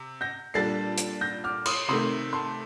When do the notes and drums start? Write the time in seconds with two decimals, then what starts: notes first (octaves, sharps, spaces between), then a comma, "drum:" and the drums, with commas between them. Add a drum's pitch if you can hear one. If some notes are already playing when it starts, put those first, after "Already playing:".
Already playing: C3
0.21 G6 A#6
0.54 A#2 G3 D4 A4 A6 C7
0.98 drum: hi-hat
1.21 G6 A#6
1.44 D6 F6
1.66 C6 D#6, drum: cymbal
1.88 C3 D#3 A3 C6 D#6
2.33 A5 C6